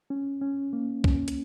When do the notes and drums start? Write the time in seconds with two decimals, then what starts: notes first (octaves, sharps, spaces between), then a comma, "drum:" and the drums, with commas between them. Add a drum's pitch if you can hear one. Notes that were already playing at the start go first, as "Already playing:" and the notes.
0.10 C#4
0.41 C#4
0.73 A#3
1.04 C#4, drum: kick
1.28 drum: hi-hat